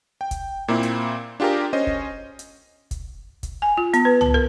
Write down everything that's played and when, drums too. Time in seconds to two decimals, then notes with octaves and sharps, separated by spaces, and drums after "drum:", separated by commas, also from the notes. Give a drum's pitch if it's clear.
0.21 G5
0.31 drum: kick, hi-hat
0.68 A#2 A#3 C4 E4
0.83 drum: hi-hat
1.40 D4 F4 G4 G#4 A#4
1.73 C#4 C5 D#5
1.87 drum: kick
2.39 drum: hi-hat
2.91 drum: kick, hi-hat
3.43 drum: kick, hi-hat
3.62 G#5
3.78 F4
3.94 B3, drum: hi-hat
4.05 B4
4.21 A5, drum: tom
4.34 A#4